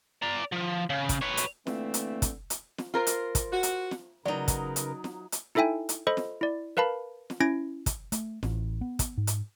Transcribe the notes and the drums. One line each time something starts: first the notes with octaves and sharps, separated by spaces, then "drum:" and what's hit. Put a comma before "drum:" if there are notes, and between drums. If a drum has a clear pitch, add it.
D5 A#5
F3
C#3
drum: kick, hi-hat
B4 C#5
drum: hi-hat
D3 E3 A3 A#3 C4, drum: snare
drum: hi-hat
drum: kick, hi-hat
drum: hi-hat
drum: snare
F4 A#4 C5
drum: hi-hat
drum: kick, hi-hat
F#4
drum: hi-hat
drum: snare
C#3 F#3 D#4 A#4 B4 D5
drum: kick, hi-hat
drum: hi-hat
drum: snare
drum: hi-hat
D#4 E4 A4 E5 G5 G#5
drum: hi-hat
A4 C5 D#5 B5
drum: snare
E4 D5
A#4 B4 F5 A5 B5
drum: snare
C#4 E4 G#6 A#6 D7
drum: kick, hi-hat
A3, drum: hi-hat
A1, drum: snare
B3
drum: kick, hi-hat
G#2
drum: hi-hat